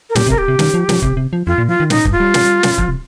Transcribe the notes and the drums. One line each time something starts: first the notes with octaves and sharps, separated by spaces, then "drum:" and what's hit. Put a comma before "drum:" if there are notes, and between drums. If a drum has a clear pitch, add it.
A#4
A#2 G4, drum: snare
C3
A#4, drum: kick
G4
C3
D#3, drum: snare
F3
F3, drum: snare
C3, drum: kick
C3
F3
F2 F4
A#2
F3 F4
D#3
A#2 D#4, drum: snare
G2, drum: kick
F4
G3
drum: snare
drum: snare
F3, drum: kick
C3